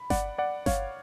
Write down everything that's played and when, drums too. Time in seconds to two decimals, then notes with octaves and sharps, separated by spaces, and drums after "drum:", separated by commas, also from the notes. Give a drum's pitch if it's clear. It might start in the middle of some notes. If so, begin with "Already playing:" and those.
Already playing: B5
0.10 D5 F#5, drum: snare G1
0.38 D5 F#5
0.66 C#5 F5, drum: snare G1